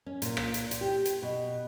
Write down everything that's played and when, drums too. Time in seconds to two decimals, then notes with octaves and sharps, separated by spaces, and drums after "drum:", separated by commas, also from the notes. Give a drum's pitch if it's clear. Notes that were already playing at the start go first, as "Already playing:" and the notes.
0.06 C#4
0.22 A#2, drum: hi-hat
0.37 drum: rim click
0.54 drum: hi-hat
0.71 drum: hi-hat
0.81 G4
1.05 drum: hi-hat
1.23 B2